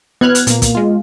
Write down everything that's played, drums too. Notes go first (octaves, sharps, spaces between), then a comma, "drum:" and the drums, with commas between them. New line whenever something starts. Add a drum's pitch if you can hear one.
B3 B4 F6 F#6 G#6
drum: hi-hat
A#2 A#3, drum: hi-hat
drum: kick, hi-hat
G#3 F4